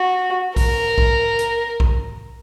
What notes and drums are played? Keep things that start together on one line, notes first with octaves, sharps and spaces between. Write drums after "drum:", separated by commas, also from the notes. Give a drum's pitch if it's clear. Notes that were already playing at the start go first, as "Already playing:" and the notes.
Already playing: F#4
A#4, drum: kick A#1, open hi-hat
drum: kick A#1
drum: hi-hat
drum: kick A#1